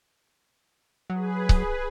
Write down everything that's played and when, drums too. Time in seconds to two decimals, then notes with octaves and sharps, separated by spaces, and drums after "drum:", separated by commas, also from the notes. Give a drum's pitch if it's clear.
1.10 F#3 G#4 B4
1.49 drum: kick C#1